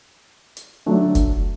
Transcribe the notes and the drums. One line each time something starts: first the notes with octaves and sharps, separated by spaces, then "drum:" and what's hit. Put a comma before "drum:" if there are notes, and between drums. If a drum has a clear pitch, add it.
drum: hi-hat
D3 F#3 A3 D4
drum: kick F1, hi-hat